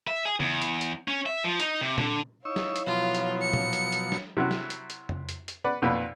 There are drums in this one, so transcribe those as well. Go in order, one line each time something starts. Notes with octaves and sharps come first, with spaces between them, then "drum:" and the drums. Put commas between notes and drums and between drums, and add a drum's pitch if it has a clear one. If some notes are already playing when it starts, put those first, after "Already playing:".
E5
G#4
E2, drum: tom C#3
drum: hi-hat
drum: hi-hat
C#4
E5
F3
D#4, drum: hi-hat
C3
D3, drum: tom A#2
D#4 E4 C#5 F5 C#6 E6
drum: snare
drum: hi-hat
B2 F3 F#3 F4
drum: hi-hat
C#7
drum: tom A#2
drum: hi-hat
drum: hi-hat
drum: snare
C3 F#3 E4 F#4
drum: snare
drum: hi-hat
drum: hi-hat
drum: tom
drum: hi-hat
drum: hi-hat
B4 D5 F#5
B1 F2 A#2 B4